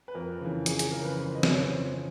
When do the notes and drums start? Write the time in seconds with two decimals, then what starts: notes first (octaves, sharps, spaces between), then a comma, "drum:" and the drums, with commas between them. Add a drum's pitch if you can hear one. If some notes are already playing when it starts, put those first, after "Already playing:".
0.08 B4
0.15 F2 A#4
0.41 C#3 E3
0.66 F2 G#4, drum: hi-hat
0.79 G#4, drum: hi-hat
0.92 C#3 E3 A#4
1.05 B4
1.17 F2 C5
1.35 D#5
1.43 C#3 E3, drum: snare C4
1.51 C#5
1.69 F2 C5
1.86 C#5
1.94 C#3